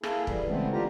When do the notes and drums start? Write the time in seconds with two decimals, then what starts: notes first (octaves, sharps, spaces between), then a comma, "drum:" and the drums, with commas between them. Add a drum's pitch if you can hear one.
0.03 A#3 E4 G#4 A4, drum: rim click
0.27 E3 G3, drum: kick
0.49 C#3 E3 G#3 A3 B3 C4
0.73 D3 D4 F4 G4 A#5